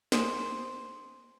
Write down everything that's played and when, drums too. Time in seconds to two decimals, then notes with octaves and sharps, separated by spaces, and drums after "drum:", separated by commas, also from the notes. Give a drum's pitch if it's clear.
0.12 G#4 C5, drum: snare